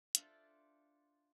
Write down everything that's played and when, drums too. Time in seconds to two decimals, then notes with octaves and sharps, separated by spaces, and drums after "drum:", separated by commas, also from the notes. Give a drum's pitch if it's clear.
0.15 D4 F4 A4 C5 D5 E5, drum: hi-hat